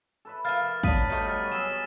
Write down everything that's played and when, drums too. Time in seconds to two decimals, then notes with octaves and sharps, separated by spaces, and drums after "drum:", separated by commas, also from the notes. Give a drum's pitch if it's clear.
0.25 A4 B4 E5
0.45 F3 A#3 F6 A6
0.84 F#3 D4 B4 D#6 B6 D#7, drum: kick
1.10 B2 G3 A3 D#4 G5
1.26 F#3 G3 F6 A6
1.52 F#3 G#4 A4 G#5 E6 E7